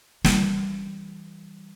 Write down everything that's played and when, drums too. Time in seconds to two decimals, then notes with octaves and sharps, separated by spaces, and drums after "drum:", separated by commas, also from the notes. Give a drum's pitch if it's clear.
0.24 E3 G3, drum: snare